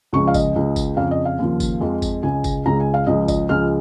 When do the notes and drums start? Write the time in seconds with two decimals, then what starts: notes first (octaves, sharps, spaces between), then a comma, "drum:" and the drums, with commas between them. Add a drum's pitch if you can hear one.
0.13 C#2 C#3 F3 G#3 C#6
0.28 F5
0.34 D#5, drum: kick G1, tambourine
0.56 C#2 C#3 G#3
0.76 drum: kick G1, tambourine
0.97 F2 C#3 F3 F5
1.11 D#5
1.25 F5
1.39 D#2 C#3 F3
1.60 drum: kick G1, tambourine
1.81 F2 F3 G#3
2.02 drum: kick G1, tambourine
2.23 C#2 C#3 G#3 G#5
2.44 drum: kick G1, tambourine
2.65 C#2 C#3 G#3 A#5
2.80 G#5
2.94 F5
3.07 C#2 C#3 F3 G#3 D#5
3.28 D#5, drum: kick G1, tambourine
3.49 C#2 C#3 F3 G#3 F6